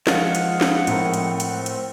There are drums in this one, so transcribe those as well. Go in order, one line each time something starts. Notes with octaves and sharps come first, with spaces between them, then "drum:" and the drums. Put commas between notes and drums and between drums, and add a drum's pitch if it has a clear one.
F3 G#3 F5 F#5, drum: snare
drum: hi-hat
drum: snare
A2 C4 A#4, drum: hi-hat
drum: hi-hat
drum: hi-hat
drum: hi-hat